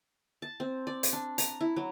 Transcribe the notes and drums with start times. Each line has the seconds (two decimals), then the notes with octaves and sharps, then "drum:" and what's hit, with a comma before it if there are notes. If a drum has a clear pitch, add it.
0.42 A5
0.60 C4
0.87 D5
1.03 drum: hi-hat
1.13 D4
1.38 A#5, drum: hi-hat
1.61 E4
1.76 F#3